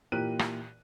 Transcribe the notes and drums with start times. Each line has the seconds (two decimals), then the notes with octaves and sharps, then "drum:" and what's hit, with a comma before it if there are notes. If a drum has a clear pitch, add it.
0.12 A#2 E3 G4 A#4 F#6 D#7
0.39 drum: rim click